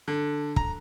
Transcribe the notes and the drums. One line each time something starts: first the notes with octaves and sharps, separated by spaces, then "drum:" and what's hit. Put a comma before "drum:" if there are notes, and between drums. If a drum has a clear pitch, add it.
D3
A#5, drum: kick